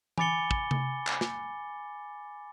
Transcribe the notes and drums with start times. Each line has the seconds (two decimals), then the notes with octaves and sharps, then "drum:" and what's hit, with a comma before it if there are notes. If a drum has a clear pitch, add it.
0.18 G#5 B5 D6 A6 C#7 G7, drum: tom E3
0.51 drum: kick
0.71 drum: tom C3
1.07 drum: clap
1.21 drum: snare